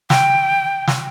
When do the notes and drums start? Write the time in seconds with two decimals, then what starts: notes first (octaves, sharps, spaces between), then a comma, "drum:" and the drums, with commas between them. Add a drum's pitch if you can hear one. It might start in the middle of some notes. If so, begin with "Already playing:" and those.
0.10 G5, drum: snare
0.88 drum: snare